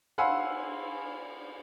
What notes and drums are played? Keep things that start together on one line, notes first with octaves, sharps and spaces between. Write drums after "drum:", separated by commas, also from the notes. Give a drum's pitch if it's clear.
F5 F#5 G#5 B5 C6 E6, drum: cymbal